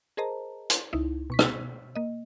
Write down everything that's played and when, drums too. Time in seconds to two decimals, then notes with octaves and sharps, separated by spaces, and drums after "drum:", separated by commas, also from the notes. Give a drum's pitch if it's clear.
0.17 G#4 A#4 C5 D#5 A5 A#5
0.70 drum: hi-hat
0.93 C#2 D#4 E4
1.30 B2 C#6 B6
1.39 drum: rim click
1.95 A#3 D#5